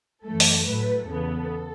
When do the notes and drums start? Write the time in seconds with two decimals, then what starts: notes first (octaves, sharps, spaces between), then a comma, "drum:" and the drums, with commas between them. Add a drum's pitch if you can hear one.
0.25 F#2 E3 A3 A4
0.40 drum: open hi-hat
0.66 A2 F#3 A3 B4
1.06 E2 C#3 E3 B3 A4